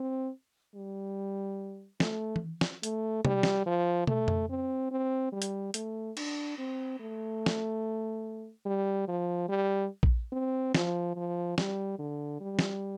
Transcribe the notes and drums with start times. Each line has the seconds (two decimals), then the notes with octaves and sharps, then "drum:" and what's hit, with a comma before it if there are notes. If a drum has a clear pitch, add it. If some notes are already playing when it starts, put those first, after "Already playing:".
Already playing: C4
0.75 G3
2.00 A3, drum: snare
2.36 drum: tom E3
2.61 drum: snare
2.83 A3, drum: hi-hat
3.25 G3, drum: tom C3
3.43 drum: snare
3.66 F3
4.07 A3, drum: tom
4.28 drum: tom F2
4.49 C4
4.91 C4
5.32 G3
5.42 drum: hi-hat
5.74 A3, drum: hi-hat
6.17 D4, drum: cymbal
6.58 C4
7.00 A3
7.46 drum: snare
8.65 G3
9.08 F3
9.49 G3
10.03 drum: kick A#1
10.32 C4
10.75 F3, drum: snare
11.16 F3
11.58 G3, drum: snare
11.99 D3
12.41 G3
12.59 drum: snare